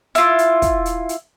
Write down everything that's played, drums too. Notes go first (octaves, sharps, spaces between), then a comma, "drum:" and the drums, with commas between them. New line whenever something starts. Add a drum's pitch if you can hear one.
E4 F4, drum: hi-hat
drum: hi-hat
drum: kick, hi-hat
drum: hi-hat
drum: hi-hat